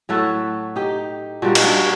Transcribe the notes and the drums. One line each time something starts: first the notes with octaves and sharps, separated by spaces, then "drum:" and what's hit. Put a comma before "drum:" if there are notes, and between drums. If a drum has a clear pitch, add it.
A2 F#3 A3 F#4 A4
D#4 G4
A#2 G3 A#3 D4 F#4
D#4, drum: cymbal
D4 F#4